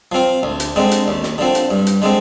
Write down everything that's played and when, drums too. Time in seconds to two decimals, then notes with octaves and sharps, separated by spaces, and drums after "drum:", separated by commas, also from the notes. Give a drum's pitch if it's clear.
0.12 F3 C4 F4
0.43 D2
0.60 drum: hi-hat
0.76 D3 G#3 C4
0.91 drum: hi-hat
1.08 D#2
1.23 drum: snare
1.38 D3 F3 C4
1.55 drum: hi-hat
1.71 G2
1.87 drum: hi-hat
2.02 D3 G#3 C4